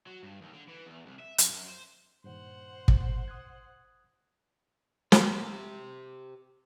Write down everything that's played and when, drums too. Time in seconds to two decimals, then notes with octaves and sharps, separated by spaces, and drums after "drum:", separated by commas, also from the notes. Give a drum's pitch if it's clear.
0.07 F#3
0.23 G2
0.41 D#2
0.53 D3
0.68 E3
0.86 E2
1.06 C2
1.19 E5
1.38 F2, drum: hi-hat
1.51 F#2
1.68 C5
2.24 G2 A#2 D#3 C5 F#5
2.88 drum: kick
3.28 D#6 F#6 G#6
5.12 G4 C5, drum: snare